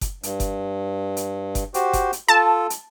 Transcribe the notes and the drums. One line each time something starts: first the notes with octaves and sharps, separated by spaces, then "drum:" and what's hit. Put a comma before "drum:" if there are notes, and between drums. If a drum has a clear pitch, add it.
drum: kick F#1, hi-hat
G2, drum: hi-hat
drum: kick F#1, hi-hat
drum: hi-hat
drum: kick F#1, hi-hat
F#4 G4 C5, drum: hi-hat
drum: kick F#1, hi-hat
drum: hi-hat
F4 A4 A5
drum: hi-hat